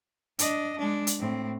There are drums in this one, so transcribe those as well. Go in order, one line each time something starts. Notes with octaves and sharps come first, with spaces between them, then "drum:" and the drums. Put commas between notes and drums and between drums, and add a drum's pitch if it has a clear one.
D4 D#5, drum: hi-hat
G#3 D4
drum: hi-hat
A2 C4